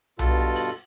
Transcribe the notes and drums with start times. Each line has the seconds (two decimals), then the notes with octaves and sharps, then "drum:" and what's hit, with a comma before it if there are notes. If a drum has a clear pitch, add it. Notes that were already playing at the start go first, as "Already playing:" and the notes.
0.19 G2 B2 F4 A4, drum: tom B1
0.55 drum: open hi-hat